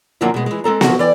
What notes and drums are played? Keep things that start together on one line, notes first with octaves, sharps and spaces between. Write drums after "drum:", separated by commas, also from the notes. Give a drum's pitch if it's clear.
F#2 D3 F3 F#3 A#3 E4
B2 G#3
E3 G#3
G#3 C4 A4 A#5
F3 G#3 E4 F#4, drum: snare B3
E3 D5 G5